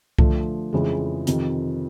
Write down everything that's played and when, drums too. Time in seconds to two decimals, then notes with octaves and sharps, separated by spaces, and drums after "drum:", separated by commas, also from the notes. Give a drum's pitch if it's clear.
0.19 D3 F3 A3, drum: kick C2
0.73 F2 C#3 E3 G#3
1.27 F2 C3 D#3, drum: hi-hat